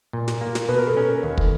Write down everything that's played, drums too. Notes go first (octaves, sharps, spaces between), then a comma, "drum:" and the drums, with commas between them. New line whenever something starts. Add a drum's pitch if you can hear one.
A#2
drum: snare
A#3
drum: snare
B2 B4
A#4
A4
C#4 A#4
D#2
drum: kick